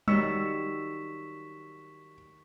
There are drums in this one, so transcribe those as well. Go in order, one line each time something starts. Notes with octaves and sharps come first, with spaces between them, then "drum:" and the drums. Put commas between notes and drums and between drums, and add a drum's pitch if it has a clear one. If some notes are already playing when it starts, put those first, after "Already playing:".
D#3 F#3 G3 C#6 E6 B6 C#7 E7, drum: tom G3